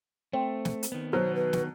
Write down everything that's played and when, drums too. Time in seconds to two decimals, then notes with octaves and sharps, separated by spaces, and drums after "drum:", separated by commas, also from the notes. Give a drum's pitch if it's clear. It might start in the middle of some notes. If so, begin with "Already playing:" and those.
0.33 A3 C4
0.65 drum: snare
0.83 drum: hi-hat
0.92 D#3 B3
1.13 B2 F#3 C5
1.35 B4
1.53 drum: snare